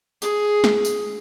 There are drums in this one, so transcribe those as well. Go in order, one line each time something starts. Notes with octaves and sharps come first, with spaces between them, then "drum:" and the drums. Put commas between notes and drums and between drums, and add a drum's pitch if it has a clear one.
G#4, drum: tambourine
drum: snare
drum: tambourine